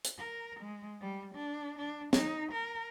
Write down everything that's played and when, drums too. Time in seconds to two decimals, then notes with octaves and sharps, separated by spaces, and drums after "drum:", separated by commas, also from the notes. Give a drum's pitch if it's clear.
0.04 drum: hi-hat
0.18 A#4
0.60 G#3
1.01 G3
1.35 D4
1.79 D4
2.13 D#4, drum: snare
2.51 A#4